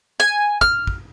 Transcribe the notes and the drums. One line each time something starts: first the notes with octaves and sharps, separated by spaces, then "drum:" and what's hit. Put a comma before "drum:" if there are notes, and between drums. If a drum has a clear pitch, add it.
G#5
F6, drum: kick
drum: kick